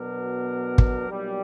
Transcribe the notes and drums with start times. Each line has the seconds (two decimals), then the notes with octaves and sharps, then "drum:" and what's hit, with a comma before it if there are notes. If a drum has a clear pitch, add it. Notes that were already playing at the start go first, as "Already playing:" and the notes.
Already playing: B2 F#3 B3 D4 A#4
0.78 drum: kick
1.08 B1 A#2 G3